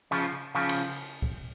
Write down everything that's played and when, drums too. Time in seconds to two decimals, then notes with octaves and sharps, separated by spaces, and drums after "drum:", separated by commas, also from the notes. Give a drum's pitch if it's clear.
0.11 C#3 F3
0.55 C#3 F3
0.69 drum: cymbal
1.22 drum: kick C#2